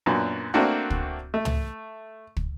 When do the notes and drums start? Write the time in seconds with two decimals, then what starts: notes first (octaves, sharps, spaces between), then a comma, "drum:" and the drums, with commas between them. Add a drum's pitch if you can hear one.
0.06 F#2 A#2 F#3 B3 D4
0.54 A3 A#3 C4 D4 F#4
0.90 drum: kick
1.34 A3
1.45 drum: tom
2.37 drum: kick